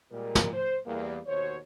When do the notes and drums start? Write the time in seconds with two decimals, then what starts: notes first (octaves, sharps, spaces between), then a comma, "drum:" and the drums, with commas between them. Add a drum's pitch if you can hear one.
0.12 A#2 G3 G#3 A#4
0.35 drum: snare
0.53 C5
0.86 E2 G3 A#3
1.27 D#2 B2 F#4 C5 C#5